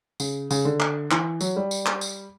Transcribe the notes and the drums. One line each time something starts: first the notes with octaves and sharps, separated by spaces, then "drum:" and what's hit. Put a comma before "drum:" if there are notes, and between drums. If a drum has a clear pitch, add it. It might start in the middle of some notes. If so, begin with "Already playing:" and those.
C#3, drum: tambourine
C#3, drum: tambourine
D3
drum: clap
E3, drum: clap
F#3, drum: tambourine
G3
drum: tambourine
drum: clap
drum: tambourine